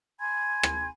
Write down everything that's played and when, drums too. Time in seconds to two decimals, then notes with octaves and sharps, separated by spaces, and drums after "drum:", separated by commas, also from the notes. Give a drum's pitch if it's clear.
0.19 G#5 B5 C6 G#6
0.63 drum: rim click